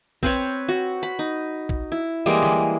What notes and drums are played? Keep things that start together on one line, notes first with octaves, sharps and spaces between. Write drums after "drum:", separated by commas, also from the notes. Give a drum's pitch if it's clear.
C4 B4 C#5, drum: kick A#1
F#4
B5
D#4
drum: kick A#1
E4
E3 G3 G#3 A#3
drum: snare